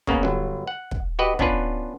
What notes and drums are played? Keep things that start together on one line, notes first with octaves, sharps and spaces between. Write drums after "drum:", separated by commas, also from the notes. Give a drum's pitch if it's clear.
C#3 A#3 B3 C#4, drum: kick
G1 F#3
F#5
drum: kick
F#4 G4 B4 D#5
B3 C#4 D4 F4 B4, drum: kick